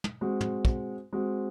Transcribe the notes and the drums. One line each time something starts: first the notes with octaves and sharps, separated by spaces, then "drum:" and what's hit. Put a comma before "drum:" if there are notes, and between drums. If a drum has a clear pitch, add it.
drum: tom
G#3 C4 F#4
drum: tom
drum: kick
G#3 C4 F#4